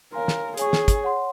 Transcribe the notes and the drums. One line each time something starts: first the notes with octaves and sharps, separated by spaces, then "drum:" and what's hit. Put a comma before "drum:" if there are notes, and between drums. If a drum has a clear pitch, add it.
A#4 C#5 F5 G#5 C6
drum: snare
G#4 C#5 G#5 C#6, drum: hi-hat
drum: snare
drum: kick, hi-hat
C#5 F#5 C6